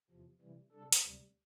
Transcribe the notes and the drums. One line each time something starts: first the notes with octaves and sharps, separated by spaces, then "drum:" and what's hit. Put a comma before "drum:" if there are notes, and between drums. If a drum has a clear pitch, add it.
E2 C3 F3
C3 E3 G3
C3 G3 D4 A4
drum: hi-hat
D2 C3 G3